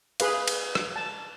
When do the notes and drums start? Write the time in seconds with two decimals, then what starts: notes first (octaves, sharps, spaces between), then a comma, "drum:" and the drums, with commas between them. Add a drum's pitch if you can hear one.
0.20 G#4 B4 F5, drum: cymbal
0.48 drum: cymbal
0.75 drum: rim click
0.96 A5